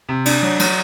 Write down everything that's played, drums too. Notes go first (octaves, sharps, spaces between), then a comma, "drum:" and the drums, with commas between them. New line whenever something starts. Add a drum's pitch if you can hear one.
C3
D4, drum: cymbal
F#3
F#3, drum: cymbal